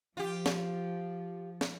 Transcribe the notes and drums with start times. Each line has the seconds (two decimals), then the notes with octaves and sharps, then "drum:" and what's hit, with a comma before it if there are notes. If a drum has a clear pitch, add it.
0.17 F3 F4 G4
0.46 drum: snare
1.61 drum: snare